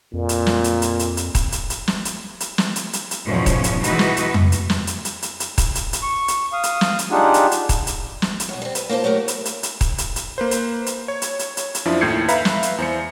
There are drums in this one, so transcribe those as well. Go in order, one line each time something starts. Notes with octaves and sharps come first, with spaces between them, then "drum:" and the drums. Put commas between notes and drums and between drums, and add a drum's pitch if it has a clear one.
F2 A#2
drum: hi-hat
drum: snare
drum: hi-hat
drum: hi-hat
drum: hi-hat
drum: hi-hat
drum: kick D#1, hi-hat
drum: hi-hat
drum: hi-hat
drum: snare
drum: hi-hat
drum: hi-hat
drum: snare
drum: hi-hat
drum: hi-hat
drum: hi-hat
E2 G#2 B2 F3 C#4
drum: kick D#1, hi-hat
drum: hi-hat
E3 G#3 D#4 F#4 B4, drum: hi-hat
drum: snare
drum: hi-hat
drum: tom F2
drum: hi-hat
drum: snare
drum: hi-hat
drum: hi-hat
drum: hi-hat
drum: hi-hat
drum: kick D#1, hi-hat
drum: hi-hat
drum: hi-hat
C#6
drum: hi-hat
F5 D#6
drum: hi-hat
drum: snare
drum: hi-hat
D4 D#4 F4 G4 G#4 F#5
drum: hi-hat
drum: hi-hat
drum: kick D#1, hi-hat
drum: hi-hat
drum: snare
drum: hi-hat
F#2 B2
G3 C4
B4, drum: hi-hat
A#3 C#4 F4 C5 A5
F#3 A3 G4 A#4
drum: hi-hat
drum: hi-hat
drum: hi-hat
drum: kick D#1, hi-hat
drum: hi-hat
drum: hi-hat
A#3 B4 C5
drum: hi-hat
drum: hi-hat
C#5
drum: hi-hat
drum: hi-hat
drum: hi-hat
drum: hi-hat
F#2 F3 D4 E4
D#2 A2 G6 G#6 C7 C#7
B4 E5 F5 A#5 B5, drum: hi-hat
drum: snare
drum: hi-hat
E2 C5 C#7